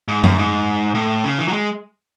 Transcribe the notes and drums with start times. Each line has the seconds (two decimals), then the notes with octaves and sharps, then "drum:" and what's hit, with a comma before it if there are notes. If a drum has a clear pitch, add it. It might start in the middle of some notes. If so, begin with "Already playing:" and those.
0.08 G#2
0.23 F#2, drum: tom F#2
0.38 G#2
0.94 A2
1.24 C#3
1.38 E3
1.48 F#3
1.53 G#3